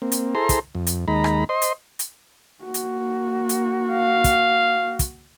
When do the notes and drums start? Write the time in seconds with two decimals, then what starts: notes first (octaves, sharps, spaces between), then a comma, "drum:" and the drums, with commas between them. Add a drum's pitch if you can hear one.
0.02 A#3 C4
0.12 drum: hi-hat
0.35 E4 G#4 A4 C5 A#5 C6
0.49 drum: kick, hi-hat
0.75 F2
0.87 drum: hi-hat
1.08 D#2 G#3 D#4 A#5 B5
1.24 drum: rim click
1.49 C5 D#5 C6
1.62 drum: hi-hat
1.99 drum: hi-hat
2.65 A#3 F#4
2.74 drum: hi-hat
3.49 drum: hi-hat
3.87 F5
4.24 drum: kick, hi-hat
4.99 drum: kick, hi-hat